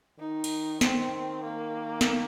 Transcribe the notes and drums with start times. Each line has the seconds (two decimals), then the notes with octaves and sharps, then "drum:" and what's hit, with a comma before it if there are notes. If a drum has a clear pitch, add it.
0.19 D#3 D#4
0.44 drum: cymbal
0.81 C4, drum: snare
1.44 A#3
2.01 drum: snare